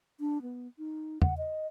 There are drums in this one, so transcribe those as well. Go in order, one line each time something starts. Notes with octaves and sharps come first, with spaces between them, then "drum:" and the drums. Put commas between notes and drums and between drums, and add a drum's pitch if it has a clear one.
D4
B3
D#4
F#5, drum: tom E2
D#5